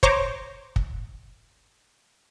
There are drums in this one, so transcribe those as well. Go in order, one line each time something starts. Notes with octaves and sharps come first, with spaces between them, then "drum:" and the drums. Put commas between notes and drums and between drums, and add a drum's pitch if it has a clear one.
C5 C#5 A#5 C#6 D6, drum: kick
drum: kick